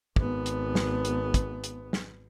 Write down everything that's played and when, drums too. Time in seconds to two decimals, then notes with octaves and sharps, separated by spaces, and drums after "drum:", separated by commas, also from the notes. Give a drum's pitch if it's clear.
0.16 G#1 B3, drum: kick
0.46 drum: hi-hat
0.75 drum: snare
1.05 drum: hi-hat
1.34 drum: kick, hi-hat
1.64 drum: hi-hat
1.93 drum: snare